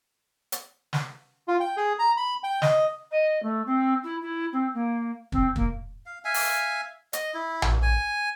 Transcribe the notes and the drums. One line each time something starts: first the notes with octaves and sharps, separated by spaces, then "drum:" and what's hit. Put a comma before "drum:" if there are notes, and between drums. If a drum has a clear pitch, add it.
drum: hi-hat
drum: snare
F4
G5
G#4
A#5
B5
G5
D#5, drum: snare
D#5
A3
C4
E4
E4
C4
A#3
C4, drum: kick
A#3, drum: kick
F5
E5 F5 G#5
drum: open hi-hat
D#5, drum: hi-hat
E4
drum: tom A#1
G#5